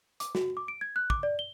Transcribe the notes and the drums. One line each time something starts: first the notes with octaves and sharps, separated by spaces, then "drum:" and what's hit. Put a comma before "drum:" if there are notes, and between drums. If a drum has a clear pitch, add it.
D6, drum: hi-hat
F#4, drum: snare
D6
D7
G#6
F#6
D6, drum: kick
D5
G7